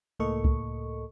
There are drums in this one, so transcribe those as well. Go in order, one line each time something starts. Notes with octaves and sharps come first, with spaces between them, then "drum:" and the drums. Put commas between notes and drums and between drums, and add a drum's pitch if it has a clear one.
C#2 A2 A#3 A4 D#5 C#6
drum: kick C2